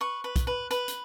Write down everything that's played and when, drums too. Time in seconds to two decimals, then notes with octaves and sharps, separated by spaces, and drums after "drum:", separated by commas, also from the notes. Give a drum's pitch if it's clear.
0.01 B4 C#6
0.24 B4
0.36 drum: kick, hi-hat
0.47 B4
0.71 B4, drum: hi-hat
0.88 drum: hi-hat